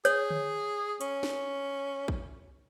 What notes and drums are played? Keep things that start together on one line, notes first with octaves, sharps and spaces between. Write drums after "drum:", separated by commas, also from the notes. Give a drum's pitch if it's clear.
G#4 C#5, drum: hi-hat
drum: tom D3
C#4, drum: hi-hat
drum: snare
drum: kick